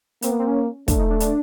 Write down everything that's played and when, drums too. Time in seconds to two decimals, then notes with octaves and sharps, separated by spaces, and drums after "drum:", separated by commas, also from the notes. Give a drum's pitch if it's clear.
0.22 A#3 C4, drum: hi-hat
0.31 B3
0.39 C4
0.48 C#4
0.88 A3 D4, drum: kick, hi-hat
0.99 D#4
1.10 D4
1.20 D4, drum: hi-hat